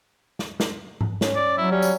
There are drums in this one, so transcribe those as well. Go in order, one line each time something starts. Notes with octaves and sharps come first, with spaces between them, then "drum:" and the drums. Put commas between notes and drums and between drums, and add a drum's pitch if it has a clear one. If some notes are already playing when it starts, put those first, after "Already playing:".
drum: snare
drum: snare
drum: tom G#2
C#4, drum: snare
D5
F#3 E4
G3 C#4
drum: tambourine